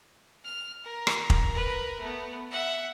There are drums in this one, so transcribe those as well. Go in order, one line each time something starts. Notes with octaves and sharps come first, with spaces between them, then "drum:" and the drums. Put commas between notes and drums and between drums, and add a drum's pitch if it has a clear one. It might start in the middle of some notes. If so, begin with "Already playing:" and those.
F6
A#4
drum: rim click
drum: kick
A#4 B4
A3 B3
E5 F#5